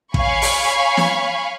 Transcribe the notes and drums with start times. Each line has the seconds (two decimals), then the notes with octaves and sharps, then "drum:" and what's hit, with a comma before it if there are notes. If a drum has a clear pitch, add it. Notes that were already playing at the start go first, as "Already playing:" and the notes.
0.14 C#5 F5 G#5 B5 C#6, drum: kick
0.42 drum: open hi-hat
0.97 drum: snare